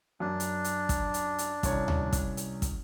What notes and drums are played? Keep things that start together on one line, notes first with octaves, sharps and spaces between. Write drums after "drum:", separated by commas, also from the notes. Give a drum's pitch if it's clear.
F#2 D4
drum: hi-hat
drum: hi-hat
drum: kick, hi-hat
drum: hi-hat
drum: hi-hat
C2 C#4 C#5, drum: kick, hi-hat
drum: tom D2
drum: kick, hi-hat
drum: hi-hat
drum: kick, hi-hat